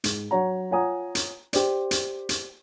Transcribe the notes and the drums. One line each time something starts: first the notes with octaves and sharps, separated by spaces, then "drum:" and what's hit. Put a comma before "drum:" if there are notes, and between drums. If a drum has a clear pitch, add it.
G#2, drum: hi-hat
F#3 C#5 F#5 A#5
F4 C#5 F#5 G#5 A#5 D#6
drum: hi-hat
G4 C5 D5, drum: hi-hat
drum: hi-hat
drum: hi-hat